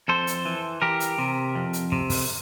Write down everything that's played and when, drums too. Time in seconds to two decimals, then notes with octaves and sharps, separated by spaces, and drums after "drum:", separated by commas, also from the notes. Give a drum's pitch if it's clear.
0.08 F2 A4 C5
0.27 drum: hi-hat
0.45 E3
0.82 E3 G4 A#4
1.00 drum: hi-hat
1.18 C3
1.55 F2
1.73 drum: hi-hat
1.92 C3, drum: kick
2.10 drum: kick, open hi-hat